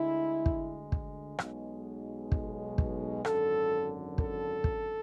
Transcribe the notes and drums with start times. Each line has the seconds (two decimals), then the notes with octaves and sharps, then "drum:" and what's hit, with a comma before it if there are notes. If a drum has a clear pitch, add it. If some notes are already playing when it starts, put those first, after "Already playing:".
Already playing: D2 D3 G#3 E4
0.46 drum: kick
0.92 drum: kick
1.39 B1 B2 G#3, drum: rim click
2.32 drum: kick
2.78 drum: kick
3.25 G#1 F#2 D3 A4, drum: rim click
4.18 A4, drum: kick
4.64 drum: kick